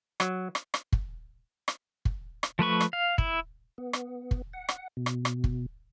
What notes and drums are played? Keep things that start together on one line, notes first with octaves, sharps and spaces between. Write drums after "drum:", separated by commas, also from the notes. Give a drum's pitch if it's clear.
F#3, drum: rim click
drum: rim click
drum: rim click
drum: kick
drum: rim click
drum: kick
drum: rim click
F3 A3 B4 C#6
drum: rim click
F5
E4, drum: kick
B3
drum: rim click
drum: kick
F#5
drum: rim click
B2
drum: rim click
drum: rim click
drum: kick